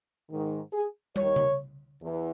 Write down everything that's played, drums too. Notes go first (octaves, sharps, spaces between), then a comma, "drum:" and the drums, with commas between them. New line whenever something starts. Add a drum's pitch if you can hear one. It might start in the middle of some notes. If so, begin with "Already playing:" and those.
G#2 D#3
G#4
D#2 D#3 C#5, drum: tom
drum: tom C#3
E2